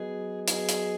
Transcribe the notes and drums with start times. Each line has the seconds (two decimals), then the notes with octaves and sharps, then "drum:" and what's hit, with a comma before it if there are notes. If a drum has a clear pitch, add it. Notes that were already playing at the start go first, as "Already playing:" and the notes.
Already playing: F#3 B3 F#4 G#4 B4 D#5
0.48 F#3 B3 F#4 G#4 B4 D#5, drum: hi-hat
0.69 drum: hi-hat